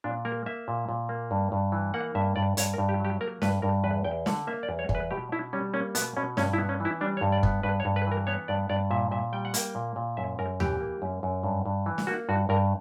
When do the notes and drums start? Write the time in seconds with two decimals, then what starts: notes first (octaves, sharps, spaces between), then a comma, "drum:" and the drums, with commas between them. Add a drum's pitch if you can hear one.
0.04 A#2 D4
0.25 A#3 A#4
0.46 A#3 E5
0.68 A#2
0.89 A#2
1.09 A#3
1.31 G2
1.52 G2
1.72 E3
1.94 A#3 F#5
2.15 G2 E5
2.36 G2 D5
2.57 G2 C#5, drum: hi-hat
2.74 A#4
2.78 G2
2.89 G4
3.00 F#3 G4
3.21 A#3 A#4
3.42 G2 B4, drum: snare
3.62 G2 A#4
3.84 E2 B4
4.04 E2 G5
4.26 D3 F#5, drum: snare
4.47 A#3 E5
4.63 D5
4.69 E2
4.79 C#5
4.89 E2, drum: kick
4.95 B4
5.11 B2 G4
5.32 B2 E4
5.53 G3 C#4
5.74 A#3 C#4
5.95 B2 B3, drum: hi-hat
6.17 B2 C#4
6.37 G2 C#4, drum: snare
6.53 E4
6.58 B3
6.69 C#4
6.80 E3 E4
7.01 G3 D4
7.17 C#5
7.21 G2
7.32 D5
7.43 B3, drum: kick
7.63 G2 B4
7.80 C#5
7.85 G2
7.96 B4
8.07 E3 A#4
8.27 B3 C#5
8.48 G2 D5
8.70 G2 D5
8.91 A#2 E5
9.11 A#2 E5
9.33 G3 G5
9.45 F#5
9.54 A#3 G5, drum: hi-hat
9.75 A#2
9.96 A#2
10.17 F#2 E5
10.39 F#2 A#4
10.60 E3 G4, drum: tom D#2
10.80 A#3
11.02 F#2
11.23 F#2
11.44 G2
11.66 G2
11.86 E3
11.98 drum: snare
12.07 A#3 F#4
12.29 G2 F#4
12.49 G2 A#4